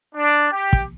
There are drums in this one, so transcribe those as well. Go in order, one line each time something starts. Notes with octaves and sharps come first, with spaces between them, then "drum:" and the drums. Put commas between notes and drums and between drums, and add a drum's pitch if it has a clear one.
D4
G4
drum: kick